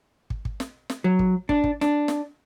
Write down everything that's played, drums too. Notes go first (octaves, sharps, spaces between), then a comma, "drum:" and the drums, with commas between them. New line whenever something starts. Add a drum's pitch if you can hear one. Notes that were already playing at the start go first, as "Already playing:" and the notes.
drum: kick
drum: kick
drum: snare
drum: snare
F#3
drum: kick
D4, drum: kick
drum: kick
D4, drum: snare
drum: snare